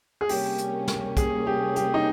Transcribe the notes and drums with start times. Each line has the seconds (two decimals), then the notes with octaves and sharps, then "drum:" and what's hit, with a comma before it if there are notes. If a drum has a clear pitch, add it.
0.21 G#4
0.29 C3 G3 A#3 C#4 G4, drum: open hi-hat
0.58 drum: hi-hat
0.88 drum: snare
1.17 G#4, drum: kick, hi-hat
1.47 G4
1.76 G4, drum: hi-hat
1.94 D#4